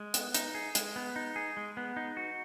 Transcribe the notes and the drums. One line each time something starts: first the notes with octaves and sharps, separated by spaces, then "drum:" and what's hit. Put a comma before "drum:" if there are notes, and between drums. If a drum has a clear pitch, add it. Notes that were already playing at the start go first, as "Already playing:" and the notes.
Already playing: G#3
B3, drum: hi-hat
D#4, drum: hi-hat
G#4
G#3, drum: hi-hat
B3
D#4
G#4
G#3
B3
D#4
F#4